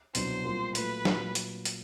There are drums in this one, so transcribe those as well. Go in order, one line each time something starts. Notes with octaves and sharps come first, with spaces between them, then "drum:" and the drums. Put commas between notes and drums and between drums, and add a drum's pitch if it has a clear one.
C2 B2 F#3 B3 D4 C5, drum: hi-hat
A#2 G3 C4 F4 A#4
A#2 F#3 A3 B4, drum: hi-hat
A#2 F#3, drum: snare
drum: hi-hat
drum: hi-hat